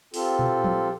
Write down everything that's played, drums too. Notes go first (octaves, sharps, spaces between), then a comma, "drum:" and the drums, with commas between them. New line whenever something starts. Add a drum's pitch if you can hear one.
C4 F4 G4 A4, drum: open hi-hat
drum: tom A#2
drum: tom F3